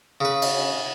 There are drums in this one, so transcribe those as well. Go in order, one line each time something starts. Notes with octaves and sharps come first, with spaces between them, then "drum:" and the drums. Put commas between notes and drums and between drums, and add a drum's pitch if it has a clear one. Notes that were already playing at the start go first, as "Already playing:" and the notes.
C#3 B4
drum: cymbal